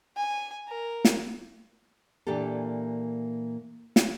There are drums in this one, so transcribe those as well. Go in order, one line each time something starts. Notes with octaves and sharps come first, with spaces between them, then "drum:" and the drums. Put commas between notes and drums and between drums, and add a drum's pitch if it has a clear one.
G#5
A#4
drum: snare
A#2 E3 A#3 D4 G4 A4
drum: snare